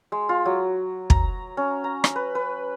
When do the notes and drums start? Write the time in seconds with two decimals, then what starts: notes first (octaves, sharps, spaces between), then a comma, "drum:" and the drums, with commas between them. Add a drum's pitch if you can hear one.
0.12 G#3
0.29 F4
0.45 F#3
1.10 A#5, drum: kick
1.57 C#4
1.84 A#5
2.04 drum: rim click
2.16 B4
2.35 B4